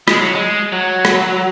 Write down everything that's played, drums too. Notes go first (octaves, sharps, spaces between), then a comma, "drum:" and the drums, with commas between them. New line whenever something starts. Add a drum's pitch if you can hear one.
G#3, drum: rim click
F#3
G#3
F#3
drum: rim click